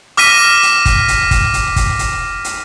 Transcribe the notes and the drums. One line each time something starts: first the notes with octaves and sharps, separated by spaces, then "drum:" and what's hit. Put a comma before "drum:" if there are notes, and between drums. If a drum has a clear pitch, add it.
D6 F6 A#6 B6 D#7, drum: hi-hat
drum: hi-hat
drum: kick, hi-hat
drum: hi-hat
drum: kick, hi-hat
drum: hi-hat
drum: kick, hi-hat
drum: hi-hat
drum: hi-hat